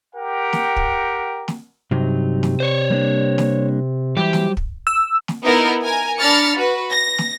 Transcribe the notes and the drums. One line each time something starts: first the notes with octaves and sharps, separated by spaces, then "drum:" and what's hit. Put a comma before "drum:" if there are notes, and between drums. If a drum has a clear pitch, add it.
G4 A#4 F#5 G5
drum: snare
drum: kick
drum: snare
G2 C3 F#3 D#4
drum: snare
C5 C#5
G3 A#3 D4
drum: snare
E3 F#3 G3 G4 C5
drum: snare
drum: kick
E6
drum: snare
B3 D#4 E4 A#4
A#4 G#5
D4 A#5 B5 F6 A6 C#7
F#4 B4
A#6
drum: snare